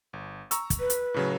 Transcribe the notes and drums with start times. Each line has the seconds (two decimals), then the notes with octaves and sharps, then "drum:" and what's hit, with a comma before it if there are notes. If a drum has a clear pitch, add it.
0.13 G1
0.51 A#5 C#6 E6, drum: hi-hat
0.70 drum: kick, hi-hat
0.80 B4
0.90 drum: hi-hat
1.14 A2 C#3 F#3